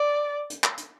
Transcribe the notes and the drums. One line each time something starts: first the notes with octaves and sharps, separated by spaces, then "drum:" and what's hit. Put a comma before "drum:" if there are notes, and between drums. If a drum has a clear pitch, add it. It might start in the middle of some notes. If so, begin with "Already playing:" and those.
Already playing: D5
drum: hi-hat
drum: clap
drum: hi-hat